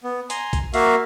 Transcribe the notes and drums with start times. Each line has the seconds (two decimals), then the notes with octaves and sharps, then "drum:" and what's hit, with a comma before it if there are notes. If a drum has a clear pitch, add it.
0.04 B3
0.30 G#5 A#5 C6, drum: hi-hat
0.53 drum: kick B1, hi-hat
0.74 A#3 F#4 E5 F5, drum: open hi-hat